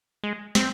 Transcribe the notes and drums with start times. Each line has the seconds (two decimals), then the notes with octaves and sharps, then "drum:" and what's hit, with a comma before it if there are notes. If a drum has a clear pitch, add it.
0.24 G#3
0.55 C4, drum: snare